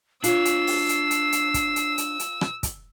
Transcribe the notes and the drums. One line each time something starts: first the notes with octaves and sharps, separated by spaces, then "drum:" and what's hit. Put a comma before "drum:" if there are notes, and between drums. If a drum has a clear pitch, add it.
D4 F4 C#5 E6 C7, drum: hi-hat
drum: hi-hat
drum: open hi-hat
drum: hi-hat
drum: hi-hat
drum: hi-hat
drum: kick, hi-hat
drum: hi-hat
drum: hi-hat
drum: hi-hat
drum: rim click
drum: kick, hi-hat